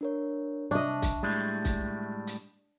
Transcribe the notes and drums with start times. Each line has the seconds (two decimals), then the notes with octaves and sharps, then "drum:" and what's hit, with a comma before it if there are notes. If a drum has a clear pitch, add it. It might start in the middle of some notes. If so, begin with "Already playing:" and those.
0.01 D4 A#4 C#5
0.71 C2 D4 D#5 E5 A5 C#6
1.02 drum: kick, hi-hat
1.23 A2 G3 G#3
1.65 drum: kick, hi-hat
2.27 drum: hi-hat